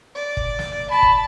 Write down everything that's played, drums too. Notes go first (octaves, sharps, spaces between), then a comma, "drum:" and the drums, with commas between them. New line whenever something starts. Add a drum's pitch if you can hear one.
D5
drum: kick
drum: snare
A5 B5
drum: kick